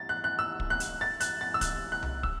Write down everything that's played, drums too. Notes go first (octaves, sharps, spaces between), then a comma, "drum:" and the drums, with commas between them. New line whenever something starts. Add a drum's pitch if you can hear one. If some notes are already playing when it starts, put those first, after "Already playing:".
Already playing: A6
F#6
F#6
E6
drum: kick
F#6
drum: hi-hat
A6
F#6, drum: hi-hat
A6
E6
F#6, drum: kick, hi-hat
F#6
drum: tom C2
E6, drum: kick